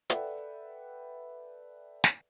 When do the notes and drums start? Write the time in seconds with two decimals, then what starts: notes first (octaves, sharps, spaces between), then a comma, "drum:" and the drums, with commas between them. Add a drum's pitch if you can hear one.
0.10 A4 B4 D5 E5 F#5 G5, drum: hi-hat
2.04 drum: snare